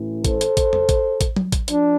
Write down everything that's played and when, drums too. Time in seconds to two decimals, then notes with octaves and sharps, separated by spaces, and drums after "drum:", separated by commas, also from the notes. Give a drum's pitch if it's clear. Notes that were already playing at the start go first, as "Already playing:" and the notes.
Already playing: A1 A2 E3
0.25 A4 C5, drum: kick, hi-hat
0.41 drum: hi-hat
0.57 drum: kick, hi-hat
0.73 drum: tom E2
0.89 drum: kick, hi-hat
1.21 drum: kick, hi-hat
1.37 drum: tom F#3
1.52 drum: kick, hi-hat
1.68 F3 D4, drum: hi-hat